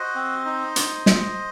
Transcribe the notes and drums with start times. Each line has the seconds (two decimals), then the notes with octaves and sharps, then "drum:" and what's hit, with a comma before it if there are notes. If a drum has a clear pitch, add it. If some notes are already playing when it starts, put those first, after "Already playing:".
Already playing: F#4 C5 D#5
0.15 C4
0.46 D#4
0.76 drum: hi-hat
1.06 drum: snare